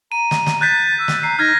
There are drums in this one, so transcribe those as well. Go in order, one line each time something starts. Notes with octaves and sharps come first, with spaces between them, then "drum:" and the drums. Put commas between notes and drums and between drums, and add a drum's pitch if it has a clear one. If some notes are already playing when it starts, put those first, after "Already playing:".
A#5 D#7
drum: snare
drum: snare
F#6 G6 A6 B6
E6
drum: snare
A#5 C7
D#4 F6 G#6 A#6